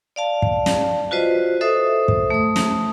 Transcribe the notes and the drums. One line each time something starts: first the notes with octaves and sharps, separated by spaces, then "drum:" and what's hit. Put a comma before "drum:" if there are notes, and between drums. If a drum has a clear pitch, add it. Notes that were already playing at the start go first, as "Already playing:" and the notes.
D5 F5 A5
drum: kick
drum: snare
F4 F#4 B4 C5 D#5
A4 C5 E5 D#6
drum: kick
A3 D#6
drum: snare